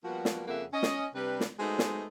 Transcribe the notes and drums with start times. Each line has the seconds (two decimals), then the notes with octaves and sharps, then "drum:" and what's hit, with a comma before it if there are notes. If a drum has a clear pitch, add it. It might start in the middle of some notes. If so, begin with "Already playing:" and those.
0.04 F3 G3 A#3 B3 F#4
0.25 drum: snare
0.48 F2 C#3 A#3 E5 F#5
0.73 C#4 D#5
0.83 drum: snare
1.14 C3 G3 D4 B4
1.40 drum: snare
1.60 G#3 A3 B3 D#4 F#4 C5
1.79 drum: snare